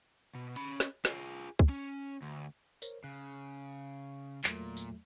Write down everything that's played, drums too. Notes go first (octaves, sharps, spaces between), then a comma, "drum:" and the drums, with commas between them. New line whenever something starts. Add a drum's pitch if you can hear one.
B2
C#4 B5, drum: hi-hat
drum: snare
F4 G#4, drum: snare
drum: kick
C#4
D2
A#4 C5 C#5, drum: tambourine
C#3 F#6
E2 A#2 F#3 A3, drum: clap
drum: tambourine